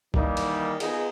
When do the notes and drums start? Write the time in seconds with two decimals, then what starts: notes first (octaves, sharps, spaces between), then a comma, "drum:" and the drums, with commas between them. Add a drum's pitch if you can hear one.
0.14 D#3 E3 G3 A#3 D#4, drum: kick
0.37 drum: cymbal
0.80 B3 D#4 F4 G#4, drum: cymbal